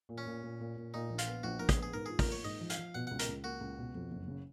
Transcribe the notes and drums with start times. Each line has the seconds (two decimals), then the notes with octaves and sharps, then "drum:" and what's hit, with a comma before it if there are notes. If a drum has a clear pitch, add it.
0.09 A#2
0.18 C#4
0.27 A#2
0.43 A#2
0.60 A#2
0.76 A#2
0.94 A#2 D#4
1.10 A#1
1.18 F4, drum: hi-hat
1.27 B3
1.43 A#1 F#4
1.59 A#1 A#4
1.69 G#4, drum: kick, hi-hat
1.76 B3
1.83 G#4
1.94 G#2 A#4
2.06 F4 G#4
2.19 A#4, drum: kick, open hi-hat
2.27 A#3
2.32 C#5
2.44 G#2 D#5
2.61 F3
2.70 F5, drum: hi-hat
2.78 F3
2.95 B2 F#5
3.07 C#2 F#5
3.19 A#4, drum: hi-hat
3.28 C#2
3.44 A#3 F#4
3.61 C#2
3.78 B2
3.95 F2
4.11 F#1
4.28 C#3